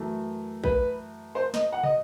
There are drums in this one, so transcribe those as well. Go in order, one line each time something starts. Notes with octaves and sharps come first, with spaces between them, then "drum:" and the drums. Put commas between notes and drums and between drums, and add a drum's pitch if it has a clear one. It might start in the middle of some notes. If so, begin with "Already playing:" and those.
Already playing: F#2 E3 A3
B4, drum: kick A#1
C5
D#5, drum: snare
F#5
D#5, drum: tom